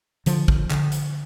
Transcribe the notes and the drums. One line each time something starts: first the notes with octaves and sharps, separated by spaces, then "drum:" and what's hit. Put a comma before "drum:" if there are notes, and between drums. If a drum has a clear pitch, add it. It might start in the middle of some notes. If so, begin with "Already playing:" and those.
D3 F3, drum: hi-hat
drum: kick
D3, drum: clap
drum: hi-hat